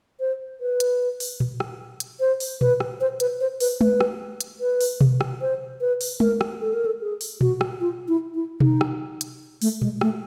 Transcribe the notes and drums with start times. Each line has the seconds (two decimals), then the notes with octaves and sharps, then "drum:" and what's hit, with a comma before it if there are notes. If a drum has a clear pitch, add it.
0.20 C5
0.61 B4
0.80 drum: hi-hat
1.20 drum: open hi-hat
1.40 drum: tom A#2
1.60 drum: rim click
2.00 drum: hi-hat
2.20 C5
2.40 drum: open hi-hat
2.61 B4, drum: tom A#2
2.80 drum: rim click
3.01 C5
3.20 B4, drum: hi-hat
3.41 C5
3.60 B4, drum: open hi-hat
3.81 B4, drum: tom G#3
4.00 drum: rim click
4.41 drum: hi-hat
4.60 B4
4.81 drum: open hi-hat
5.01 drum: tom B2
5.21 drum: rim click
5.41 C5
5.81 B4
6.01 drum: open hi-hat
6.20 A#4, drum: tom G#3
6.41 drum: rim click
6.61 A4
6.74 A#4
6.86 A4
7.01 G#4
7.21 drum: open hi-hat
7.41 F#4, drum: tom A#2
7.61 drum: rim click
7.81 F4
8.08 E4
8.35 E4
8.60 D#4, drum: tom B2
8.81 drum: rim click
9.21 drum: hi-hat
9.62 A3, drum: open hi-hat
9.82 G#3, drum: tom A#2
10.01 A3, drum: rim click